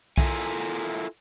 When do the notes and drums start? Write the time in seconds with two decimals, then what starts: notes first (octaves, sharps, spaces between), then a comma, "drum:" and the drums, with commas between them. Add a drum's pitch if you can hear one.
0.18 E4 F4 A4 A#4 E5 G#5, drum: kick B1